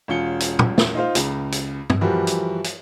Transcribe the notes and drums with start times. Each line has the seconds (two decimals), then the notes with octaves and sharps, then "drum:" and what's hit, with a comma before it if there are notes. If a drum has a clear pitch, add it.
0.08 E1 C#4 F4 C#7 G7
0.40 drum: hi-hat
0.59 drum: tom
0.78 drum: snare
0.94 D#4 F4 C5 F5
1.15 C#2 C#3, drum: hi-hat
1.52 drum: hi-hat
1.90 drum: tom
2.01 E3 F3 G3 F#4 G4 A#4
2.27 drum: hi-hat
2.64 drum: hi-hat